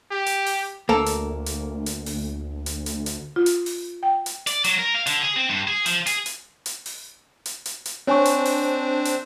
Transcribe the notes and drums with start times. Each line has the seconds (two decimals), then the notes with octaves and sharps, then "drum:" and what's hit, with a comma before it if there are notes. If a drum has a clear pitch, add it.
0.11 G4
0.26 drum: hi-hat
0.46 drum: open hi-hat
0.89 D2 A#3 A4 A#4
1.06 drum: hi-hat
1.46 drum: hi-hat
1.86 drum: hi-hat
2.06 drum: open hi-hat
2.66 drum: hi-hat
2.86 drum: hi-hat
3.06 drum: hi-hat
3.36 F4
3.46 drum: hi-hat
3.66 drum: open hi-hat
4.03 G5
4.26 drum: hi-hat
4.47 D5, drum: hi-hat
4.64 F#3, drum: hi-hat
4.79 A#4
4.94 F5
5.07 D3, drum: hi-hat
5.22 G#4
5.36 C4
5.49 G2
5.68 G#4
5.86 F3, drum: hi-hat
6.07 G#4, drum: hi-hat
6.26 drum: hi-hat
6.66 drum: hi-hat
6.86 drum: open hi-hat
7.46 drum: hi-hat
7.66 drum: hi-hat
7.86 drum: hi-hat
8.07 C4 D4 C5 C#5 G#5 C#6
8.25 drum: hi-hat
8.45 drum: open hi-hat
9.05 drum: hi-hat